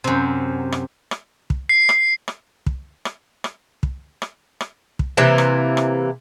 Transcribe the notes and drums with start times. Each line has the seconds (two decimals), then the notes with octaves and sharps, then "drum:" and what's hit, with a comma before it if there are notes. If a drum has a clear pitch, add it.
0.04 F#2 C3
0.72 drum: rim click
1.11 drum: rim click
1.50 drum: kick
1.69 C7
1.89 drum: rim click
2.28 drum: rim click
2.66 drum: kick
3.05 drum: rim click
3.44 drum: rim click
3.83 drum: kick
4.22 drum: rim click
4.61 drum: rim click
4.99 drum: kick
5.17 C3 E3 A#3
5.38 drum: rim click
5.77 drum: rim click